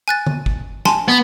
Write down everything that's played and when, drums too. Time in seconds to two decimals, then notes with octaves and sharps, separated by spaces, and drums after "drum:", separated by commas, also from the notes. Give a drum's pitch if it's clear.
0.08 G#5 F#6 A6
0.27 drum: tom
0.46 drum: kick G1
0.85 G#5 A5 C6, drum: snare
1.08 B3